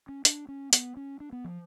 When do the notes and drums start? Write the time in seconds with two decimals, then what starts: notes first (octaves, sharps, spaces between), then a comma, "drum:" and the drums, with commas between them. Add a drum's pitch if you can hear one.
0.09 C#4
0.25 D4, drum: hi-hat
0.48 C#4
0.73 B3, drum: hi-hat
0.97 C#4
1.20 D4
1.32 B3
1.44 F3